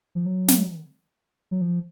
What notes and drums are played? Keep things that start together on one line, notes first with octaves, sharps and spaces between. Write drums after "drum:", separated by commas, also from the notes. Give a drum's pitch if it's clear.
F3
F#3
drum: snare
F#3
F3